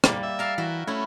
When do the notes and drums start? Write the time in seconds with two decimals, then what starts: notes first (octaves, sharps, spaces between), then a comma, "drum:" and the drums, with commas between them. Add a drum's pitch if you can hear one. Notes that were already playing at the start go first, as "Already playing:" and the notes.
0.04 G3 A#3, drum: rim click
0.23 E5
0.39 A#4 F5 A5
0.58 E3 F#4 E5
0.87 A3 C#4 E4